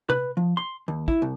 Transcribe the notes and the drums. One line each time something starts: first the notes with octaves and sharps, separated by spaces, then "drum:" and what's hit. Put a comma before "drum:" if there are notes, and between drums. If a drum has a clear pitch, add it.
B4, drum: tom C3
F3
C6
D#2
E4, drum: kick
C2